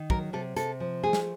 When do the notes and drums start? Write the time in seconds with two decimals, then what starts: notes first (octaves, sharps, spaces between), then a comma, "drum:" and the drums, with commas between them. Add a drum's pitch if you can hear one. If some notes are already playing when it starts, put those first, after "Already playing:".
Already playing: D#3
0.10 F#3 A#4, drum: kick
0.33 C3 A4
0.56 C3 A4, drum: hi-hat
0.80 F3
1.03 A3 G#4
1.13 drum: snare